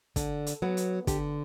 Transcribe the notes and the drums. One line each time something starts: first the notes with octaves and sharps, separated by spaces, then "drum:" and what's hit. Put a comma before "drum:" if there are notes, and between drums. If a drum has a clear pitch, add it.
D3, drum: kick, hi-hat
drum: hi-hat
F#3 B3
drum: hi-hat
D3 G4, drum: kick, hi-hat